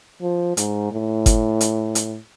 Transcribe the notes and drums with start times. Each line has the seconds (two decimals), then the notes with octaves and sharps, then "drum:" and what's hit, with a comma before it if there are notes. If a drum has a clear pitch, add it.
0.22 F3
0.57 G#2, drum: hi-hat
0.92 A2
1.26 drum: kick G1, hi-hat
1.61 drum: hi-hat
1.95 drum: hi-hat